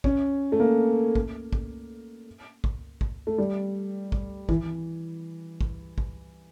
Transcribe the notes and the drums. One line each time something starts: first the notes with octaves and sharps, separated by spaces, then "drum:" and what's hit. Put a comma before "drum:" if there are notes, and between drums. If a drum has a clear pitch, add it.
C#4, drum: kick
A3
A#3
drum: kick
drum: kick
drum: kick
drum: kick
A3
G3
drum: kick
E3, drum: kick
drum: kick
drum: kick